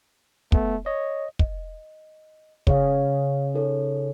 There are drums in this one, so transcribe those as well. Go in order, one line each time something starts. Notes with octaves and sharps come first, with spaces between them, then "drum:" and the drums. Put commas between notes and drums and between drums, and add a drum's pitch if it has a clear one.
A3 B3, drum: kick
C#5 D#5
D#5, drum: kick
C#3 G#4 C#5 F5, drum: kick
D#4 A4 C#5